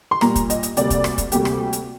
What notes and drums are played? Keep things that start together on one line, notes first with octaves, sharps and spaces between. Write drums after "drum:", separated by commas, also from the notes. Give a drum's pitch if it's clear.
C6
A#2 G3 A#3 A#5, drum: rim click
drum: kick, hi-hat
D#5, drum: hi-hat
drum: hi-hat
D2 C3 G3 A#3 D5, drum: hi-hat
drum: kick, hi-hat
drum: rim click
drum: kick, hi-hat
D2 C3 G3 A#3 G4, drum: hi-hat
drum: rim click
drum: hi-hat